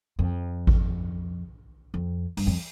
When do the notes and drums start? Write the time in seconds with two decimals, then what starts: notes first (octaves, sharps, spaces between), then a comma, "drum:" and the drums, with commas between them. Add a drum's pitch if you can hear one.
0.19 F2
0.67 drum: kick G#1
1.94 F2
2.37 G2, drum: open hi-hat
2.47 F2